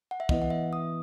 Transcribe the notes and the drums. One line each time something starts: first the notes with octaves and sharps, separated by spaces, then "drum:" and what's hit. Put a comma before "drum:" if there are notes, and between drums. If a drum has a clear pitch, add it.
F#5
E5
E3 B3 E4 B4 D#5, drum: kick
F#5
E5
D#6